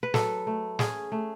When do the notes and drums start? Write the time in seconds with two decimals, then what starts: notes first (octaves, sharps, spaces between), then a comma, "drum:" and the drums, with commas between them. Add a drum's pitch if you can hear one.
0.03 B4
0.14 F#3 A4, drum: snare
0.47 A3
0.79 C#4 G#4, drum: snare
1.12 A3